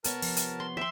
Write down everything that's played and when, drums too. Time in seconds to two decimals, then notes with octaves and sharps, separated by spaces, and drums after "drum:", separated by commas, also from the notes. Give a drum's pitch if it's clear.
0.04 C3 B3 A#4 C#5 A5, drum: hi-hat
0.22 F3, drum: open hi-hat
0.36 drum: hi-hat
0.60 C6
0.77 E5 G5 C6